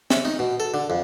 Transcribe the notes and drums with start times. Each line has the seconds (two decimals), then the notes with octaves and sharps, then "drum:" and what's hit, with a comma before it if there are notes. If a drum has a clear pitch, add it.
0.10 E5, drum: snare
0.25 D#4
0.39 B2
0.60 A4
0.74 D3
0.90 F2